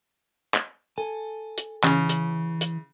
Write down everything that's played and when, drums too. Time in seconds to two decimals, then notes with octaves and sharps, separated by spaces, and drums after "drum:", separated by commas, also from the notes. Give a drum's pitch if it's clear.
0.54 drum: clap
0.98 A4 G#5
1.58 drum: hi-hat
1.84 C#3 E3, drum: clap
2.09 drum: hi-hat
2.61 drum: hi-hat